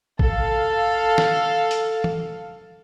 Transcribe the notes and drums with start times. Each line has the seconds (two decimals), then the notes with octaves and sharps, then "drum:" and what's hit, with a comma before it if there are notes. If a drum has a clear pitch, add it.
0.19 A4 F5, drum: kick A1
1.18 drum: snare
1.71 drum: hi-hat
2.04 drum: tom